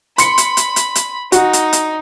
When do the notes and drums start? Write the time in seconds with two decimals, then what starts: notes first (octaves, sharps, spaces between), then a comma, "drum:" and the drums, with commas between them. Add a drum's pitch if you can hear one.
0.18 B5 C6 C#7, drum: hi-hat
0.38 drum: hi-hat
0.57 drum: hi-hat
0.76 drum: hi-hat
0.95 drum: hi-hat
1.32 D#4 F#4, drum: hi-hat
1.53 drum: hi-hat
1.73 drum: hi-hat